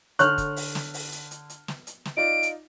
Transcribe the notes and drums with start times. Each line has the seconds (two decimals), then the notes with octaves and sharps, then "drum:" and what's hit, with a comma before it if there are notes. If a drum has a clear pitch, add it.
0.19 D3 A4 C#5 C#6 F6 F#6, drum: hi-hat
0.38 drum: kick, hi-hat
0.56 drum: open hi-hat
0.75 drum: snare
0.94 drum: open hi-hat
1.12 drum: hi-hat
1.31 drum: hi-hat
1.50 drum: hi-hat
1.68 drum: snare
1.87 drum: hi-hat
2.05 drum: snare
2.17 D#4 F4 D5 D7
2.43 drum: hi-hat